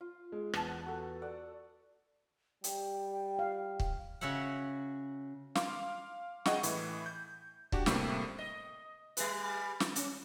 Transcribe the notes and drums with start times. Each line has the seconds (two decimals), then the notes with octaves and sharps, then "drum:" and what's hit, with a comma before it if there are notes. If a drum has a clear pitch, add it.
0.01 F4
0.32 G#3
0.53 E2 A5, drum: rim click
0.68 F#5 D#6
0.86 F#4 A4
1.22 A4 D5 F#5
2.64 G3 G5, drum: hi-hat
3.39 F5
3.80 drum: kick
4.21 C#3 F#4 C#5 E5 F#5
5.55 F5 C6 D6, drum: snare
6.46 G#4 D#5 F#5 G5 C#6, drum: snare
6.63 A2 E3, drum: hi-hat
7.06 G6
7.72 D4 F#4 G4, drum: kick
7.86 A2 C3 G3 A3 A#3 C4, drum: snare
8.39 D#5
9.17 G3 G#4 B4, drum: hi-hat
9.80 drum: snare
9.96 C#4, drum: hi-hat